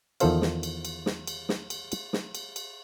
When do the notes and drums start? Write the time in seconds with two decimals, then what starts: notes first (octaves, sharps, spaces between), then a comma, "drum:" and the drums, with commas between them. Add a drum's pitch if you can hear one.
0.20 E2 D#3 F3 A4 C5 F5, drum: cymbal
0.42 drum: snare
0.63 drum: cymbal
0.85 drum: cymbal
1.06 drum: snare
1.27 drum: cymbal
1.49 drum: snare
1.70 drum: cymbal
1.92 drum: cymbal
2.13 drum: snare
2.35 drum: cymbal
2.56 drum: cymbal